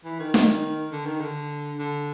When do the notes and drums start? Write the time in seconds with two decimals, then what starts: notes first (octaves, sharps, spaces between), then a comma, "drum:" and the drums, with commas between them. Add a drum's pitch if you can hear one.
0.05 E3
0.20 D#3
0.34 drum: snare
0.92 D3
1.06 D#3
1.20 D3
1.78 D3